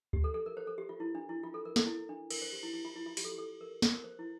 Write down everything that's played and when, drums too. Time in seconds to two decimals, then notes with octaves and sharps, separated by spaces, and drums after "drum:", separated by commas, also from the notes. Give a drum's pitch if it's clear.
0.13 G4, drum: kick D2
0.24 A4
0.34 A4
0.46 A#4
0.57 C5
0.67 A4
0.78 G4
0.89 F4
1.00 E4
1.15 D4
1.29 E4
1.43 F4
1.54 A4
1.65 A#4
1.76 A4, drum: snare
1.87 E4
2.09 D4
2.30 A#4, drum: cymbal
2.42 C5
2.52 G4
2.63 E4
2.74 E4
2.85 F4
2.95 E4
3.06 F4
3.17 G4, drum: open hi-hat
3.24 A4
3.32 G4
3.38 A4
3.61 A#4
3.82 drum: snare
3.94 A#4
4.04 C5
4.19 E4